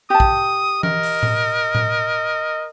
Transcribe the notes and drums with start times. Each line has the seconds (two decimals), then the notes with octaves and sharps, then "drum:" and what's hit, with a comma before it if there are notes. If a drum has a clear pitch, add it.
0.10 G4 A5 D#6
0.20 drum: kick
0.83 A#4 D#5, drum: tom E3
1.03 drum: open hi-hat
1.23 drum: tom A2
1.75 drum: tom A2